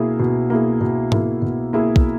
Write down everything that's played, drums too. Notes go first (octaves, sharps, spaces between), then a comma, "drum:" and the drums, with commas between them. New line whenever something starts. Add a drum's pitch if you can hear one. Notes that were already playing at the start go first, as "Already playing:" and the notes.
Already playing: B2 A#3 E4 G#4
B2
A#3 E4 G#4
B2
A#3 E4 G#4, drum: tom G#2
B2
A#3 E4 G#4
drum: kick